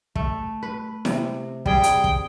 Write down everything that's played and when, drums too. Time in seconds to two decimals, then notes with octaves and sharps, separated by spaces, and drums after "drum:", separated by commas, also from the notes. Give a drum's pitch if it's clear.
0.15 A3, drum: kick
0.63 B4
1.05 C3, drum: snare E4
1.66 G3 G#4 G5, drum: kick
1.83 drum: hi-hat
2.04 drum: kick